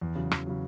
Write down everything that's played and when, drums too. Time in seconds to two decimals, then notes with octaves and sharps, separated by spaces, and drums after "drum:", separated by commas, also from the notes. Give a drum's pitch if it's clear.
0.01 E2
0.15 C#3 F#3
0.31 E2, drum: rim click
0.46 C#3 F#3